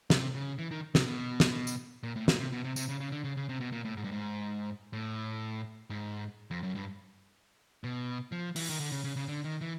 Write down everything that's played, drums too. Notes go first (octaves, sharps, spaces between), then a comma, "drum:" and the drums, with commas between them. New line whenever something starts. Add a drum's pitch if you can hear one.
C3, drum: snare
C#3
E3
D#3
C3, drum: snare
B2
drum: snare
drum: tambourine
A#2
A2
A#2, drum: snare
C3
B2
C3
C3, drum: tambourine
C#3
C#3
D3
C#3
C#3
C3
B2
A#2
A2
G#2
G2
G#2
A2
G#2
F2
F#2
G2
B2
F3
E3, drum: open hi-hat
D#3
D3
C#3
C#3
C#3
D3
D#3
E3